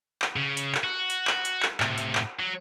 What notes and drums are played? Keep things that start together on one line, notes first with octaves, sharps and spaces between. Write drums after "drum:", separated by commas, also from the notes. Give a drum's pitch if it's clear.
drum: clap
C#3
drum: hi-hat
drum: clap
F#4
drum: hi-hat
drum: clap
drum: hi-hat
drum: clap
A2 C3, drum: clap
drum: hi-hat
drum: clap
F#3